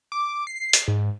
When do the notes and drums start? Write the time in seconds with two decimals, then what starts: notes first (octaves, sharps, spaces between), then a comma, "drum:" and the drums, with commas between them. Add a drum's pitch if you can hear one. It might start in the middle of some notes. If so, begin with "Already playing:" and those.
0.12 D6
0.47 C7
0.73 drum: hi-hat
0.88 G#2